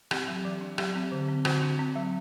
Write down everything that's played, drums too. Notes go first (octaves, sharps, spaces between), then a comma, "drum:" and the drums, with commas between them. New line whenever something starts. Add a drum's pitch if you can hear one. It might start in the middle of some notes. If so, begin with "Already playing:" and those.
C4 G4, drum: rim click
F#3
E3
D4
F#3 G4, drum: rim click
C4
D3
C4
D3 F#4, drum: rim click
D4
C4
F#3